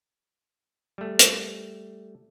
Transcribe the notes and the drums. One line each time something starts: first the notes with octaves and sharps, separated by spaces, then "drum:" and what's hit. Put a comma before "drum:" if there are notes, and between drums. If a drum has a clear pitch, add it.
G3 A3
drum: hi-hat